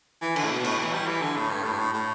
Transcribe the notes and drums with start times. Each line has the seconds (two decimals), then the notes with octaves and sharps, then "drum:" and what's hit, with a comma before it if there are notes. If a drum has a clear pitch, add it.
0.22 E3
0.36 D3, drum: cymbal
0.45 A2
0.51 B2
0.64 A2, drum: cymbal
0.79 E3
0.93 G3
1.07 E3
1.22 D3
1.36 A2
1.51 G2
1.64 A2
1.72 G2
1.78 A2
1.93 A2